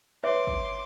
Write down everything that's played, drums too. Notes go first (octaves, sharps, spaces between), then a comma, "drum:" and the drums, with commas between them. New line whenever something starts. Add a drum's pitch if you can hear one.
B4 C#5 E5 C6 D6
drum: kick